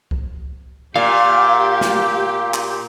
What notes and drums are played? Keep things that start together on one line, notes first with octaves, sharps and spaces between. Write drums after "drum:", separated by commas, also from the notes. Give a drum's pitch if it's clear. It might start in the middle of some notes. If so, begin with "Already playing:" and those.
drum: kick C#2
A#2 G4 F5
drum: snare
drum: clap